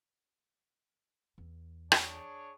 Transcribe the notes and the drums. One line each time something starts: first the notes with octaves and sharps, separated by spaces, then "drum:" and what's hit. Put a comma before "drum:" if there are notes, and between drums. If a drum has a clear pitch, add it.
E2
D4 G#4 C#5, drum: rim click